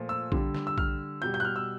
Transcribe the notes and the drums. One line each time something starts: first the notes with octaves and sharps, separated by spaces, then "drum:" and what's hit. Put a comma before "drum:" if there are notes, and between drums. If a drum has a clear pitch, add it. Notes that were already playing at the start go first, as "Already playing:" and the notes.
Already playing: A#2 F3 A3
E6
D3 G3, drum: kick A#1
drum: snare
E6
F6, drum: kick A#1
B2 G3 G6
G6
F#6
F6
E6